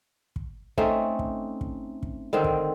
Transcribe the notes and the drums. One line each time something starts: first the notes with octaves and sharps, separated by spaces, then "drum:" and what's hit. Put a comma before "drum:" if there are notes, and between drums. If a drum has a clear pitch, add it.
drum: kick
A3 C4 C#4 D#4, drum: kick
drum: kick
drum: kick
drum: kick
D3 D#3 C4
drum: kick